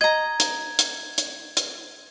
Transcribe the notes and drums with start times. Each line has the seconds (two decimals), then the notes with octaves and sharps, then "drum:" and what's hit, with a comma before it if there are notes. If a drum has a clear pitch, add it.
0.01 D#5 A#5 G#6
0.40 drum: hi-hat
0.79 drum: hi-hat
1.18 drum: hi-hat
1.57 drum: hi-hat